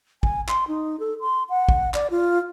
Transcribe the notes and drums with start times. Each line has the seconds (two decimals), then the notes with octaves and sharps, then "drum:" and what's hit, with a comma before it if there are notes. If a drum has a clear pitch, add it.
0.23 G#5, drum: kick A1
0.48 C6, drum: clap
0.68 D#4
1.00 A4
1.21 C6
1.50 F#5
1.69 drum: kick A1
1.94 D5, drum: clap
2.11 F4